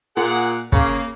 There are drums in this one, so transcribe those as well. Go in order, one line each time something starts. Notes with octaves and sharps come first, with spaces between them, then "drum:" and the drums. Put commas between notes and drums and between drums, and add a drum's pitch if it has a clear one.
A#2 G#4 F#5
C#3 A#3, drum: kick